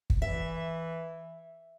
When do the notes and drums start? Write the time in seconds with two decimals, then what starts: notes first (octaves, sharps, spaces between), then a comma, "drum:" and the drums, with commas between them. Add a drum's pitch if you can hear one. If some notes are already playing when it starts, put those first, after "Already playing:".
0.10 drum: kick
0.22 E3 E5